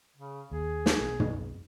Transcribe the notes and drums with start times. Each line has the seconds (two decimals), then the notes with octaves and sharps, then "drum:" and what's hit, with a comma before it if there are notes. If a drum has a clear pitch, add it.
0.16 C#3
0.51 D#2 G#4
0.86 drum: snare
1.01 B1 B3
1.20 drum: tom